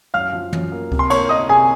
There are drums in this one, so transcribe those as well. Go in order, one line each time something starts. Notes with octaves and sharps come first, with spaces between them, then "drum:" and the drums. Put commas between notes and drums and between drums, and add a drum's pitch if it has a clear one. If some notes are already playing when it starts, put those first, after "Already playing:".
F#2 F5 F6
F3
F#2, drum: tom
A#3
C3, drum: kick C#2
C6
A#3 C#5 C#6, drum: cymbal
A#3 D#5 D#6
C3 G#4 G#5